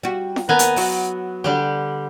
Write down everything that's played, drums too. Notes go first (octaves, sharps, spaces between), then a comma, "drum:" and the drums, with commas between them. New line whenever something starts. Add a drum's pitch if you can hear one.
G3 F#4
drum: snare F4
D#2 B3 A#4 B4 G#5 A#5
drum: hi-hat
F#3 F#4, drum: open hi-hat
D3 G3 G4